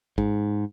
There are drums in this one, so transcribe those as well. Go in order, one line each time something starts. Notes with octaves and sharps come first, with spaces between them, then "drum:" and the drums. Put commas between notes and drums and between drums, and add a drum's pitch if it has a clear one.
G#2, drum: kick G#1